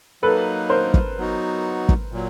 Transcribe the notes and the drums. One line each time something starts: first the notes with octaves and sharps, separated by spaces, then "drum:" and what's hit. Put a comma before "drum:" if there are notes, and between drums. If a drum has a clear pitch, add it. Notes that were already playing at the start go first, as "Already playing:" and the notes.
F#3 A#3 D#4 A4 B4
A#4 C5
drum: kick
F#3 B3 D#4 F#4
drum: kick
A#2 F#3